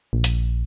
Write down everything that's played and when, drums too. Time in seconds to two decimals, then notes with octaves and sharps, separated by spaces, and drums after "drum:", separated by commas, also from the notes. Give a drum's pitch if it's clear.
0.13 A#1
0.24 drum: hi-hat